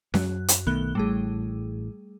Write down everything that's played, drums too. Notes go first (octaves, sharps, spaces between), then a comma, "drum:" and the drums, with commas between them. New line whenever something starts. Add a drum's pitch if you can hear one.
F#2 F#3 F#6, drum: snare C#4
drum: hi-hat
B1 D#3 A3 B3 F#6 G7
A1 A2 G3 A3 G#4